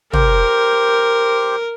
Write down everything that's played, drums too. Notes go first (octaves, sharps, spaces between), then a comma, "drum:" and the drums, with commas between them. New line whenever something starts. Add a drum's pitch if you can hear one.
G4 A#4 C5, drum: tom